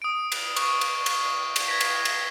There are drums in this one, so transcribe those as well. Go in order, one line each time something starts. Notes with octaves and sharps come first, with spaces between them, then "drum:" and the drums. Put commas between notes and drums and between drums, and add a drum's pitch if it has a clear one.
D#6 D7
drum: cymbal
C#6, drum: cymbal
drum: cymbal
drum: cymbal
drum: cymbal
G#6 A#6 B6
drum: cymbal
drum: cymbal